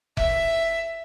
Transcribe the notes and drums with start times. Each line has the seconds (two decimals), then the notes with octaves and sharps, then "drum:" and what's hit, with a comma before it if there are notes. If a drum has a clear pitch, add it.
0.17 E5, drum: kick F1